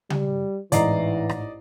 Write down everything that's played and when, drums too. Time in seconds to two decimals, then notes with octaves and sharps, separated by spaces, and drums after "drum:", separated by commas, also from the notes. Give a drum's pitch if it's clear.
0.10 G3, drum: tom C#3
0.72 A1 G#2 E3 D5 D#5 A#5 C7, drum: hi-hat
1.29 drum: rim click